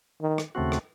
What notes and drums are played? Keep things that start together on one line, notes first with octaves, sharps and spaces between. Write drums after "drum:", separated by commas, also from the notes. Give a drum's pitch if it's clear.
D#3
drum: rim click
D#2 C#3 A3 C4 F#4
drum: rim click